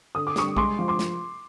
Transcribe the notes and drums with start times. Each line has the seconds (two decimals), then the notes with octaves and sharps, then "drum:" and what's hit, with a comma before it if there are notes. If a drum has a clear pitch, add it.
0.15 D3 D#6
0.27 D6
0.36 G3 C#6 D#6, drum: snare
0.57 G#3 C6 D6, drum: kick A#1
0.79 F3
0.88 C6 D6
0.99 drum: snare